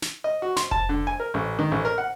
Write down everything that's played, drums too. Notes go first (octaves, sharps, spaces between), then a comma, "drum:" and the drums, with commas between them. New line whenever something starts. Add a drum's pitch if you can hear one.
drum: snare
D#5
F#4
C6, drum: snare
A5, drum: kick F1
D3
G#5
A#4
A1
D#3
A1
A#4
F#5